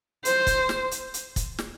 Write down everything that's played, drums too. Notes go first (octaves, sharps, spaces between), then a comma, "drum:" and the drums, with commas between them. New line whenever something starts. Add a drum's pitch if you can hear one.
C5, drum: hi-hat
drum: kick, hi-hat
drum: snare
drum: hi-hat
drum: hi-hat
drum: kick, hi-hat
drum: snare